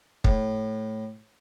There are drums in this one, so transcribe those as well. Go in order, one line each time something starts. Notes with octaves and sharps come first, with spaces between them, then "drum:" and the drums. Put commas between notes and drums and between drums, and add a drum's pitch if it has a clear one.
A2, drum: kick